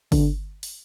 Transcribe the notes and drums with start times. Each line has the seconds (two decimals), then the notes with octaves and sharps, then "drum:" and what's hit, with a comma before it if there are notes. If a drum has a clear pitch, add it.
0.12 D3, drum: kick G1, open hi-hat
0.63 drum: open hi-hat